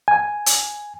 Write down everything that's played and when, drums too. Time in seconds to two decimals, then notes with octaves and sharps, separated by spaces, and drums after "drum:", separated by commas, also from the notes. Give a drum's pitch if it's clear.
0.08 G#5
0.46 drum: hi-hat